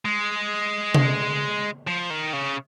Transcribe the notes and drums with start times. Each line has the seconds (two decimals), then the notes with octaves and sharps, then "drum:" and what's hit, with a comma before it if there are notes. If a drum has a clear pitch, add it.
0.05 G#3
0.94 drum: tom C3
1.87 F3
2.10 D#3
2.33 C#3